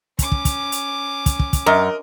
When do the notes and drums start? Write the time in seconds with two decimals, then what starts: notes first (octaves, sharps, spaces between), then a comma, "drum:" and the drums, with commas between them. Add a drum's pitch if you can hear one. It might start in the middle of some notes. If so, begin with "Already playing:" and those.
0.19 C#4 D6, drum: kick, hi-hat
0.32 drum: kick
0.45 drum: kick, hi-hat
0.72 drum: hi-hat
1.26 drum: kick, hi-hat
1.39 drum: kick
1.53 drum: kick, hi-hat
1.66 F#2 A#4 D#5